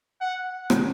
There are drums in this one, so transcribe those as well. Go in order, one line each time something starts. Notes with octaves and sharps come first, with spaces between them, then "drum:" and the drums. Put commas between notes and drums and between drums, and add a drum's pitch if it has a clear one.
F#5
drum: rim click